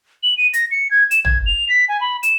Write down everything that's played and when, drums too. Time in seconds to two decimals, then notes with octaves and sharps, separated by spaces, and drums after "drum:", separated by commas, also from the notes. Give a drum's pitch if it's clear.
0.23 F#7
0.38 D#7
0.53 A#6, drum: hi-hat
0.71 C#7
0.91 G#6
1.11 E7, drum: hi-hat
1.25 G#6, drum: tom
1.46 F7
1.69 B6
1.89 G#5
2.01 B5
2.23 E7, drum: hi-hat